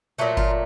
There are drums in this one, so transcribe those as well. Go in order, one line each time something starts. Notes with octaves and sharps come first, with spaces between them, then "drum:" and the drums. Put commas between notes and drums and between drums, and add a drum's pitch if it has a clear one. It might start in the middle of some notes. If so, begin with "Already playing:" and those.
A#2 F#3 A3 F#4
F4, drum: kick G1